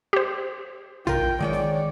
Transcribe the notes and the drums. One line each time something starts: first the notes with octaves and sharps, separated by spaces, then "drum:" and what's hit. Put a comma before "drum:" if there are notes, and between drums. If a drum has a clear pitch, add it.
G4 C5
F4 A#4 G5, drum: tom A#1
D#3 G#3 C#5 D5 G5
drum: snare